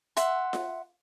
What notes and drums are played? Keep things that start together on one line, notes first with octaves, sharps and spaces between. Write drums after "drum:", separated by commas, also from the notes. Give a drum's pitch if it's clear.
E5 F#5 C6, drum: hi-hat
drum: snare F4